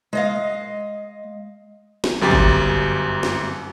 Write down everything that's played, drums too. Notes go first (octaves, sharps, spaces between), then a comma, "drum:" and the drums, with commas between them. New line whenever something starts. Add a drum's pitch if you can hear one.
G#3 D#5 F5
drum: snare
G1 F#2 G4 A6
drum: kick
drum: snare